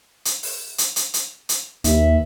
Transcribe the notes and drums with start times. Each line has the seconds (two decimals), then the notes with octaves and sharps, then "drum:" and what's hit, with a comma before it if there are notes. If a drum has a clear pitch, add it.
0.25 drum: hi-hat
0.43 drum: open hi-hat
0.78 drum: hi-hat
0.96 drum: hi-hat
1.14 drum: hi-hat
1.49 drum: hi-hat
1.84 D#2 B4 E5, drum: hi-hat